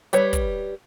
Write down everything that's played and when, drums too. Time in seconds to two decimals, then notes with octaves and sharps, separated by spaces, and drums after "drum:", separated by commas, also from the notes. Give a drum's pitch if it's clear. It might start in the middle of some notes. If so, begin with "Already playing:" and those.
0.13 G3 B4 C#5, drum: hi-hat
0.33 drum: kick, hi-hat